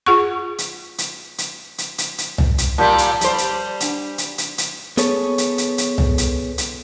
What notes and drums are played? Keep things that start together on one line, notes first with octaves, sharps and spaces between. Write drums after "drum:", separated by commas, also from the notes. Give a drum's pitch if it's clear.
F4 G#4 F#5 C#6
drum: hi-hat
drum: hi-hat
drum: hi-hat
drum: hi-hat
drum: hi-hat
drum: hi-hat
drum: tom
drum: hi-hat
A#2 G3 A5 G6 B6
drum: hi-hat
G3 C5, drum: hi-hat
drum: hi-hat
D4 F#5, drum: hi-hat
drum: hi-hat
drum: hi-hat
drum: hi-hat
B3 G#4 A4 C#5, drum: hi-hat
drum: hi-hat
drum: hi-hat
drum: hi-hat
drum: tom
drum: hi-hat
drum: hi-hat